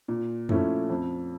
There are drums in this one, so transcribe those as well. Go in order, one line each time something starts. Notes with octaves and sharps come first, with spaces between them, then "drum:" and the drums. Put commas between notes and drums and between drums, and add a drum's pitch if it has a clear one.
A#2
F3 A3 C#4 E4, drum: tom F2
F2